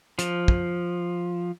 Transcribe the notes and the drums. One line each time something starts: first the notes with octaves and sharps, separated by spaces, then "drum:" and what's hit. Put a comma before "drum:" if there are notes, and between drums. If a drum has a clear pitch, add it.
F3, drum: hi-hat
drum: kick